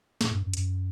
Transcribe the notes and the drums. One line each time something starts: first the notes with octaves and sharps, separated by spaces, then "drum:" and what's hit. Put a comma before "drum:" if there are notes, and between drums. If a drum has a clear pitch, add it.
A2, drum: snare
G2
F#2
F#2, drum: hi-hat